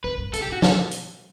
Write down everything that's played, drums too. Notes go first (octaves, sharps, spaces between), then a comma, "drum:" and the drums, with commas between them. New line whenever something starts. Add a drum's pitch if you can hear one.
E2 B4
G2
B2 A4, drum: hi-hat
G4
A2 F#4
A4, drum: snare
drum: hi-hat